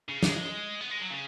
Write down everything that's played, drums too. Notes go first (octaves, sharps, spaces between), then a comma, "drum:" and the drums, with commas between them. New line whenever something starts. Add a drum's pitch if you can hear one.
C#3
G#3, drum: snare
B3
G#3
F#3
C#3